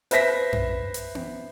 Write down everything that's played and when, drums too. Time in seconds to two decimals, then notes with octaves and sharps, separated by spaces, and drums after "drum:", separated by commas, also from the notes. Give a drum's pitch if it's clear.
0.11 B4 C5 E5 A#6 B6, drum: hi-hat
0.53 drum: tom F#2
0.94 drum: hi-hat
1.15 drum: tom B3